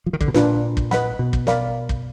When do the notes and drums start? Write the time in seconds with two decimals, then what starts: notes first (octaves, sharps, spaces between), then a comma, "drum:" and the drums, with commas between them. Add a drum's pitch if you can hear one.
0.06 F3
0.13 D#3
0.21 D3, drum: kick
0.28 B2
0.34 A#2 D4 F4 B4, drum: snare
0.77 drum: kick
0.91 B4 D#5 F#5 B5, drum: snare
1.19 B2
1.33 drum: kick
1.47 A#4 D5 F5 B5, drum: snare
1.89 drum: kick